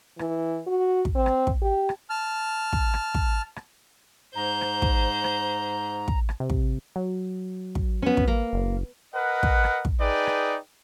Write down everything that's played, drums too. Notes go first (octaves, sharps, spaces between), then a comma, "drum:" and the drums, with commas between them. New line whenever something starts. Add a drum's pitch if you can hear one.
E3, drum: rim click
F#4
drum: kick
C4
drum: rim click
drum: kick
G4
drum: rim click
A5 F6
drum: kick
drum: rim click
drum: kick
drum: rim click
G#2 C5 A#5 G6
drum: rim click
drum: kick
drum: rim click
drum: kick
drum: rim click
C3
drum: kick
F#3
drum: kick
B3 C#4
drum: kick
A#3
F#1
A#4 B4 D#5 F#5
drum: kick
drum: rim click
drum: kick
D#4 G#4 B4 D5 G5
drum: rim click